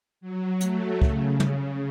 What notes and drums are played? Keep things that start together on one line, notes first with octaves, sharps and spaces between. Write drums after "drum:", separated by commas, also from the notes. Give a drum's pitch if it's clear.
F#3
A3, drum: hi-hat
C#3, drum: kick
drum: tom